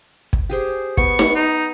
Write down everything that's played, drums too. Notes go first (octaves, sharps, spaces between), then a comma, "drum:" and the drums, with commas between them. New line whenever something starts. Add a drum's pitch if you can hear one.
drum: kick
G4 G#4 C5
B3 C#6, drum: kick
drum: snare D#4
D#4